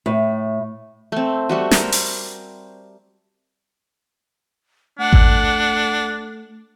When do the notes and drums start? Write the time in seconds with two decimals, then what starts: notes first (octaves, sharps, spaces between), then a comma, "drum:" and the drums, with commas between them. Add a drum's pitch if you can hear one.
0.06 A2
1.12 A3 C4
1.49 G3 A3 F#4
1.71 A#4 C5, drum: snare
1.92 drum: open hi-hat
4.99 A3 D4 F#5
5.13 drum: kick G#1